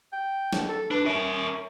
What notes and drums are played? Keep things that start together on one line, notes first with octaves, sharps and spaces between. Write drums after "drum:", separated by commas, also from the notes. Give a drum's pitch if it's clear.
G5
drum: snare
A4
D4 B4
C#4 A#4 E5